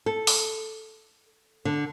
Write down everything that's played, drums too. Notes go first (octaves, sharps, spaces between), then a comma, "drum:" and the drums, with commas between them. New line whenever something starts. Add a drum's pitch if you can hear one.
A4
drum: open hi-hat
D3